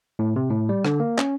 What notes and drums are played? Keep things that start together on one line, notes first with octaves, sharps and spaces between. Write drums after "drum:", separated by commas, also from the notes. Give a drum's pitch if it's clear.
A2
C3
A2
G3
D3, drum: rim click
A#3
C#4, drum: clap